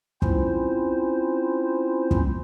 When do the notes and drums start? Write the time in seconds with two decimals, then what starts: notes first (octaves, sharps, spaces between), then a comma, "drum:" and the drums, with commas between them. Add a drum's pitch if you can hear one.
0.22 C4 C#4 E4 F4 C5, drum: kick
2.11 drum: kick